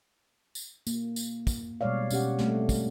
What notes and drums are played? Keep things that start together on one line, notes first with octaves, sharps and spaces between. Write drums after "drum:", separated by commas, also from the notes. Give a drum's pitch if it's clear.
drum: tambourine
A#3, drum: tambourine
drum: tambourine
drum: kick, tambourine
B2 G3 G#3 C#5 D5 F5
B2 C#4 G4 F#5, drum: tambourine
G3 A3 C4, drum: snare
drum: kick, tambourine